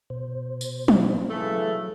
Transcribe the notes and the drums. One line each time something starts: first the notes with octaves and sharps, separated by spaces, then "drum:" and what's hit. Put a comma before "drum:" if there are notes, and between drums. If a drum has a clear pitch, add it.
B2 C5
drum: tambourine
drum: tom
C#3 E3 F#3 A3